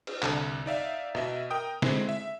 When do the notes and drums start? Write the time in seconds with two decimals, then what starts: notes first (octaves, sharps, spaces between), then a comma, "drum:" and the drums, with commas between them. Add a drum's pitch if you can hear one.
0.07 drum: cymbal
0.22 C2 D3 A5, drum: clap
0.66 D#4 D5 E5 F5
1.15 B2 D#5 E5, drum: rim click
1.50 A#4 G5 D#6
1.82 D3 G#3 C4 E4, drum: snare
2.09 E5